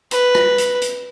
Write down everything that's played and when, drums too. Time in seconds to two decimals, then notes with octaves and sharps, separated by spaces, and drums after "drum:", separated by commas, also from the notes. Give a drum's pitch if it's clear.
0.11 B4, drum: hi-hat
0.35 drum: rim click
0.58 drum: hi-hat
0.82 drum: hi-hat